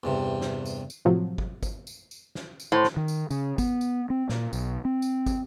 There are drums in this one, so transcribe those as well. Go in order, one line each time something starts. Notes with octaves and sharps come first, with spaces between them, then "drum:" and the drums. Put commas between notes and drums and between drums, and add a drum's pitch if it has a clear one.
E2 G2 C3
drum: snare
drum: tambourine
drum: tambourine
A2 C3 F3 F#3
drum: kick
drum: kick, tambourine
drum: tambourine
drum: tambourine
drum: snare
drum: tambourine
A2 C5 C6
drum: snare
D#3
drum: tambourine
C#3, drum: tambourine
B3, drum: kick, tambourine
drum: tambourine
C4
A#2, drum: snare
B1, drum: tambourine
C4
drum: tambourine
drum: kick, tambourine